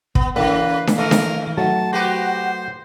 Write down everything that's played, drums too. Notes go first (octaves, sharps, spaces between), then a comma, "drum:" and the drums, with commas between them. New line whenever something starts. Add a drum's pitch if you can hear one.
B3, drum: kick
C#3 E3 A#3 B4 F5
drum: snare D4
D#3 A3 A#4
drum: snare D4
F#3 A3 F#5 A5
F#4 G4 B4 C5